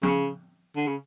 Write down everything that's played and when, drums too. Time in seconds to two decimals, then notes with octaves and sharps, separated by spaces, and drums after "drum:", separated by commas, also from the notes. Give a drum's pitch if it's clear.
0.03 C#3, drum: tom
0.76 D3
0.87 C#3